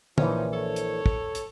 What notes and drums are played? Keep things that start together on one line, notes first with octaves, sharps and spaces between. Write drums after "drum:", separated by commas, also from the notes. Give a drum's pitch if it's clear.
A#1 E3 F3 C#4 D#4, drum: tom
A4 C#5
drum: hi-hat
drum: kick
drum: hi-hat